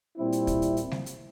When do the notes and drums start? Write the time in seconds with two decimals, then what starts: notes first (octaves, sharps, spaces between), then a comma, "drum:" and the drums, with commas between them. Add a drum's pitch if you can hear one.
0.17 A#2 G3 C4 E4
0.32 drum: hi-hat
0.47 drum: kick, hi-hat
0.62 drum: hi-hat
0.77 drum: hi-hat
0.91 drum: snare G3
1.06 drum: hi-hat